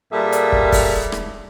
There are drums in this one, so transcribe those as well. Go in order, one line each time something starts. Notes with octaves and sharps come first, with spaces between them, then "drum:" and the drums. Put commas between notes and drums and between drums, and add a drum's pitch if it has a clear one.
A#2 G3 G#4 A4 E5
drum: hi-hat
drum: kick
drum: kick, open hi-hat
drum: rim click